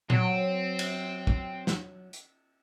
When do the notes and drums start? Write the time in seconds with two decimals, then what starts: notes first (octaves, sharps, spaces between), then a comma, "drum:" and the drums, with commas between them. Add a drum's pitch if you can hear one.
0.10 F#3 C4, drum: tom
0.79 drum: cymbal
1.27 drum: kick
1.67 drum: snare
2.13 drum: hi-hat